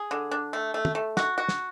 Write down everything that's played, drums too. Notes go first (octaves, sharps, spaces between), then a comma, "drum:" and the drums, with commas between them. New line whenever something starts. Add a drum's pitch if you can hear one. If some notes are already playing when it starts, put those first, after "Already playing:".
Already playing: G#4
D3
D4
A3
A3
drum: tom
A3
F#4, drum: snare
F#4
drum: snare